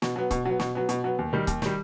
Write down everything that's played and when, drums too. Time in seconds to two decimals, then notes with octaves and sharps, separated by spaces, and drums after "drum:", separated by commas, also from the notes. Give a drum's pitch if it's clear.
0.02 B2, drum: snare
0.16 F#3 B3
0.31 B2, drum: kick C#1, hi-hat
0.45 F#3 B3
0.59 B2, drum: snare
0.75 F#3 B3
0.89 B2, drum: hi-hat
1.04 F#3 B3
1.19 D#2
1.33 D#3 G3
1.47 D#2, drum: kick C#1, hi-hat
1.62 D#3 G3, drum: snare